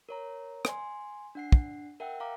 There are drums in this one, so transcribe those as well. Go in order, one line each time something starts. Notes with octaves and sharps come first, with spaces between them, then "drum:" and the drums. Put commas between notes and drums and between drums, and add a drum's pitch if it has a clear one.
A#4 C#5 A#5
G#5 C6, drum: rim click
D4 F#5 C7
drum: kick
A#4 E5 F#5 G5
F5 A#5 D6